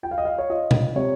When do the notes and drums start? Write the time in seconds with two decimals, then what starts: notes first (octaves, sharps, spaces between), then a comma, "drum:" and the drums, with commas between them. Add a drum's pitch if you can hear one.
0.03 F4 G5
0.11 F5
0.18 D#5
0.25 F5
0.38 C#5
0.50 F4 D#5
0.71 drum: tom A#2
0.96 C3 C#5